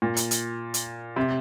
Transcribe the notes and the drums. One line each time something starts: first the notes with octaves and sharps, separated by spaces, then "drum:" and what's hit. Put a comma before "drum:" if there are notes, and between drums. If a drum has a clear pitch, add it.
A#2
drum: hi-hat
drum: hi-hat
drum: hi-hat
C3